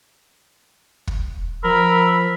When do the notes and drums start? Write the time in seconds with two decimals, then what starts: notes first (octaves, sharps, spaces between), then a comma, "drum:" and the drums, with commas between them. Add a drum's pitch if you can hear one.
1.07 drum: kick
1.64 F3 A#4 B5 E6